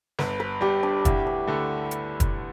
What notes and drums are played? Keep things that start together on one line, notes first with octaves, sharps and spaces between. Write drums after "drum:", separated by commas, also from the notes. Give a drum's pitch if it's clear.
G1 B4, drum: snare
B4
G2 G3 G4
D4
D2 E4, drum: kick, hi-hat
D4
D3 A3
drum: hi-hat
drum: kick, hi-hat